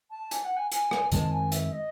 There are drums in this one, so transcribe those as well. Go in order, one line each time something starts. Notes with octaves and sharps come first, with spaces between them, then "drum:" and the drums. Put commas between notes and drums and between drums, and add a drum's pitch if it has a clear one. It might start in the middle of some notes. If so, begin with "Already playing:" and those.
A5
G#5, drum: hi-hat
F#5
G#5
G#5, drum: hi-hat
drum: rim click
F#2 D#3 G#3 C4 A5, drum: hi-hat
G#5
E5, drum: hi-hat
D#5